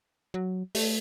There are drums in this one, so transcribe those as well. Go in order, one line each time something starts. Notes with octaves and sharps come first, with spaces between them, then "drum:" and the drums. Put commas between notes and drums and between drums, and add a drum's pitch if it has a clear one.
F#3
A3, drum: open hi-hat